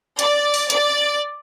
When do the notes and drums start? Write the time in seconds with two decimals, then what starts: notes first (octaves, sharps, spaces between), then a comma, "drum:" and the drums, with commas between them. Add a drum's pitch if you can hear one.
0.19 D5, drum: hi-hat
0.54 drum: open hi-hat
0.70 D5, drum: hi-hat